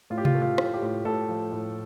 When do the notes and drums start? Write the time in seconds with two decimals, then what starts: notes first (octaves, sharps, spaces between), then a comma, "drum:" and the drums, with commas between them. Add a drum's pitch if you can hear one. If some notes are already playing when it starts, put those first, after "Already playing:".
0.10 A2 F4
0.18 G4
0.25 F4, drum: tom C3
0.35 A3
0.42 F4
0.58 A2, drum: rim click
0.74 G4
0.82 A2
1.05 A2 A4
1.29 F3
1.52 A2